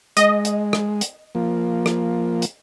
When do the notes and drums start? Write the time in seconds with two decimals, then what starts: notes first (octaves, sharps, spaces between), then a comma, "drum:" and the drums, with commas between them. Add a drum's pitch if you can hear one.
0.17 G#3 D#5, drum: hi-hat
0.45 drum: hi-hat
0.73 drum: rim click
1.01 drum: hi-hat
1.35 F3 A#3
1.86 drum: rim click
2.42 drum: hi-hat